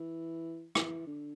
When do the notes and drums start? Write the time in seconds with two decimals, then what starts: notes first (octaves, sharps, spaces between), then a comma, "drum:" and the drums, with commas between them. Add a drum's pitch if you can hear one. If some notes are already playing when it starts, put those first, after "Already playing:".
Already playing: E3
0.75 E3, drum: rim click
1.07 D3